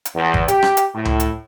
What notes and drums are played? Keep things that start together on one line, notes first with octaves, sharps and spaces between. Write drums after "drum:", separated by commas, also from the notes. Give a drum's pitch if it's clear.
drum: hi-hat
E2
drum: kick
G4, drum: hi-hat
drum: rim click
drum: hi-hat
A2
drum: tom C#2
drum: hi-hat